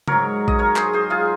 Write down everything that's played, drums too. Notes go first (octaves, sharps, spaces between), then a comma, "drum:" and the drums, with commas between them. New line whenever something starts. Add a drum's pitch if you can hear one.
G#2 F#3 A#4 C#5, drum: tom C#3
D#5, drum: kick A#1
A#4 C#5
G#4 C5, drum: clap
G#4 C5
F4 G#4